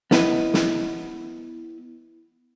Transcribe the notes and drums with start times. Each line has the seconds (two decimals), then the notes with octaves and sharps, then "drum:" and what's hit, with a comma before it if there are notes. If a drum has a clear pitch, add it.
0.11 B3 E4 B4 D#5, drum: snare
0.54 drum: snare